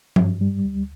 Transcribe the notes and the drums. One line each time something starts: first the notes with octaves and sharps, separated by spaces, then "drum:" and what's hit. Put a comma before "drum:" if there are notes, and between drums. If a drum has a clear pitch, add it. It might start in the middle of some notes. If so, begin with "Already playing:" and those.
G2, drum: tom F3
G3
D2